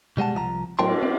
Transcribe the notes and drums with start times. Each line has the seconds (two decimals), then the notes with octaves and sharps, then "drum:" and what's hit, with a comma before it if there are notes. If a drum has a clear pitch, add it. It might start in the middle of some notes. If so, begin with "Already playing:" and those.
0.17 B2 G3 G#3 F#5 A5
0.34 C2 F3 D#5 A#5
0.79 A2 F#3 A#4 G5 A5 C6, drum: cymbal
1.03 C4